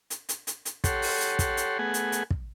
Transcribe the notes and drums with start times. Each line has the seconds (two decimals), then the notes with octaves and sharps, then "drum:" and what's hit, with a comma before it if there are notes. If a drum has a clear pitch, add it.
0.10 drum: hi-hat
0.29 drum: hi-hat
0.47 drum: hi-hat
0.65 drum: hi-hat
0.84 G4 A4 C#5 F#5 C6, drum: kick, hi-hat
1.02 drum: open hi-hat
1.20 drum: hi-hat
1.39 drum: kick, hi-hat
1.57 drum: hi-hat
1.79 A3 B3 G#4 F#5 G#5
1.94 drum: hi-hat
2.12 drum: hi-hat
2.31 drum: kick